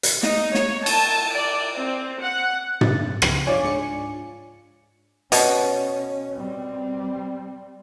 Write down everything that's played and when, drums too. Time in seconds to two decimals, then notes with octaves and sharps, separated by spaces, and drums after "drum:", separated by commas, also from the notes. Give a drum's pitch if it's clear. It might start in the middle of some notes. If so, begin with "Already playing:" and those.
0.03 drum: hi-hat
0.23 D#4, drum: snare
0.55 C#5, drum: snare
0.86 A5, drum: cymbal
1.35 D5
1.76 C4
2.21 F#5
2.81 A6, drum: tom
3.22 C#3 F3 G4, drum: rim click
3.47 D4 F4 C#5 D5 G#5
3.64 G#2 C#7
5.32 B2 C#4, drum: hi-hat
6.36 G3 C4